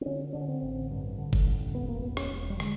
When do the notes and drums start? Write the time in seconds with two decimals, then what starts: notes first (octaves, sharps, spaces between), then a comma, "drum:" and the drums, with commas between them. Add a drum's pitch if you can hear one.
0.01 C4
0.06 D3 C#4
0.33 D3 D4
0.41 C#4
0.48 C4
0.62 A1
0.91 G2
1.18 D3
1.33 drum: kick F#1
1.47 A1
1.75 E1 B3
1.89 A#3
2.02 E1 B3
2.17 C#4, drum: rim click
2.31 E1
2.50 G3
2.60 D3 G#3, drum: rim click